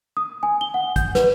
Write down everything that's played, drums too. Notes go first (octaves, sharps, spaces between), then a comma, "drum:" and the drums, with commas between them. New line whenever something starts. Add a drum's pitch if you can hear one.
D#6
G#5
G7
F#5
G6, drum: kick, hi-hat
B4, drum: snare